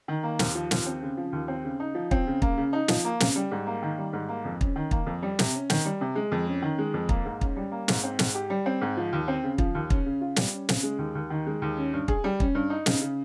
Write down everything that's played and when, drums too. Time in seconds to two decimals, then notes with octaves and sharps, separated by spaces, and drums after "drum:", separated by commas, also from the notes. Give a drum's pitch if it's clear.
0.08 D#3
0.23 A#3
0.39 D#2, drum: snare
0.55 F3
0.71 D#2, drum: snare
0.86 C4
1.02 C#3
1.17 F3
1.33 D#2
1.48 C4
1.64 C#3
1.80 D#4
1.95 F3
2.11 C4, drum: kick
2.27 C#3
2.42 A#3, drum: kick
2.58 C#3
2.73 D#4
2.88 F3, drum: snare
3.04 A#3
3.20 C#3, drum: snare
3.36 G3
3.52 G#2
3.67 A#3
3.82 D#3
3.98 G3
4.13 G#2
4.29 A#3
4.45 F2
4.61 C#4, drum: kick
4.76 D#3
4.91 A#3, drum: kick
5.07 F2
5.22 G3
5.39 C3, drum: snare
5.54 C#4
5.70 D#3, drum: snare
5.85 G3
6.01 C3
6.15 G#3
6.32 F2
6.47 C#4
6.62 D#3
6.78 G#3
6.94 F2
7.09 A#3, drum: kick
7.25 G#2
7.41 C#4, drum: kick
7.56 G3
7.72 A#3
7.88 G#2, drum: snare
8.03 C4
8.19 G#2, drum: snare
8.35 G4
8.50 G3
8.66 C4
8.82 G#2
8.97 F3
9.13 D#2
9.28 C4
9.44 C#3
9.58 F3, drum: kick
9.75 D#2
9.90 C#4, drum: kick
10.06 C#3
10.21 F4
10.36 G3, drum: snare
10.52 C#4
10.69 C#3, drum: snare
10.83 G#3
10.99 D#2
11.15 D#2
11.30 D#3
11.47 G#3
11.62 D#2
11.77 C#4
11.93 G2
12.08 G#4, drum: kick
12.24 G3
12.40 C#4, drum: kick
12.55 G2
12.70 D#4
12.86 C#3, drum: snare
13.01 C#3